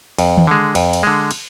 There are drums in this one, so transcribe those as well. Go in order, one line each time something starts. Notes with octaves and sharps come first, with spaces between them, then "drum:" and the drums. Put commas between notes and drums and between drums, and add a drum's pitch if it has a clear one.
F2, drum: cymbal
drum: tom D#3
D3 G#3
F2, drum: cymbal
drum: cymbal
D3 G#3
drum: cymbal